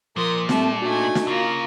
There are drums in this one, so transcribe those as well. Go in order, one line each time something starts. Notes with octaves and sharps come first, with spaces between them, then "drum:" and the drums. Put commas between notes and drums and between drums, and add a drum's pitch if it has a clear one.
A#2 F3 A#4 C6 D#6
G3 A3 C4 A5, drum: snare
A3 D4 D#4 F#4 G#5
drum: snare
C#3 A#3 F4